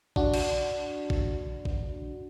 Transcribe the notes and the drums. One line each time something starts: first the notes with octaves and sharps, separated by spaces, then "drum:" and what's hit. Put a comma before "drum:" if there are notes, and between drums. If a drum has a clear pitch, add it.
D4 F#4, drum: kick A1
drum: cymbal
drum: kick A1
drum: kick A1